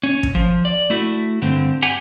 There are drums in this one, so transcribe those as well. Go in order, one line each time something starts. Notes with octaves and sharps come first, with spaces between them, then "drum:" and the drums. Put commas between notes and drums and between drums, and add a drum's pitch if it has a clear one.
C#4
drum: kick
F3
D5
A3 E4 F#4
G2 D3 C4
G4 F#5 G#5